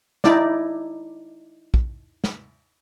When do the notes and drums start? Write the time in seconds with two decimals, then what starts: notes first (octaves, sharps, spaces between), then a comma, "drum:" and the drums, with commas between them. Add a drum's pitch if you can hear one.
0.24 D#4 E4 D5, drum: snare
1.74 drum: kick A#1
2.24 drum: snare